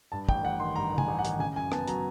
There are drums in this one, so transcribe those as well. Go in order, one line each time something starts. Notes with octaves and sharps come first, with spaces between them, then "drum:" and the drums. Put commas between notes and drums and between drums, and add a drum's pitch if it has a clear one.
G2 A5
A1 G5, drum: kick
A1 F#5
D#3 C6
G2 A#5
A1
G#5, drum: tom
A1
F#5
D#3, drum: hi-hat
C#3 G#5
F#2 G#5
B3 A5, drum: rim click
F#3 A#5, drum: hi-hat